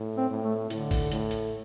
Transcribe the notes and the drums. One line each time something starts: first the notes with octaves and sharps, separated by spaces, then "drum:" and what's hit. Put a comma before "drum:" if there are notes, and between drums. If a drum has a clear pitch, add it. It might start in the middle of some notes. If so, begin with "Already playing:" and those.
Already playing: A2
C4
A2
A3
A2 D3, drum: hi-hat
drum: kick G#1, open hi-hat
A2, drum: hi-hat
drum: hi-hat